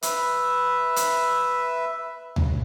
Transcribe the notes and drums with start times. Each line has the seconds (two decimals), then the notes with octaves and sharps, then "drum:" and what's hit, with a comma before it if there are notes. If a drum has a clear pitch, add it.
0.02 B4 E5, drum: hi-hat
0.96 drum: hi-hat
2.36 drum: tom D2